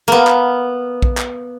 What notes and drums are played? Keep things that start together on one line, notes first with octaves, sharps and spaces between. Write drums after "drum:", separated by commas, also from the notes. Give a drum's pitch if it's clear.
A#3 B3
drum: clap
drum: kick A#1
drum: clap